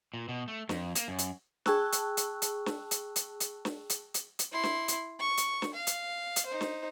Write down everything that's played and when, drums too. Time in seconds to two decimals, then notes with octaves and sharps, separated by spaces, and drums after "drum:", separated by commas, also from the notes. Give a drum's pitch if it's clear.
0.14 A#2
0.29 B2
0.48 A3
0.69 F2, drum: snare
0.95 A#3, drum: hi-hat
1.08 F#2
1.18 drum: hi-hat
1.66 G#4 G5 A5 C#6 E6 F#6, drum: snare
1.92 drum: hi-hat
2.17 drum: hi-hat
2.42 drum: hi-hat
2.66 drum: snare
2.91 drum: hi-hat
3.16 drum: hi-hat
3.40 drum: hi-hat
3.65 drum: snare
3.90 drum: hi-hat
4.14 drum: hi-hat
4.39 drum: hi-hat
4.52 E4 C6
4.63 drum: snare
4.88 drum: hi-hat
5.19 C#6
5.37 drum: hi-hat
5.62 drum: snare
5.74 F5
5.87 drum: hi-hat
6.36 drum: hi-hat
6.46 D#4 C5
6.61 drum: snare